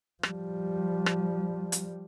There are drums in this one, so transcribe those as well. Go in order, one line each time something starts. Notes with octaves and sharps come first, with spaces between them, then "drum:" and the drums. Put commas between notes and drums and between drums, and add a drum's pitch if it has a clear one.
F3 G3, drum: rim click
drum: rim click
drum: hi-hat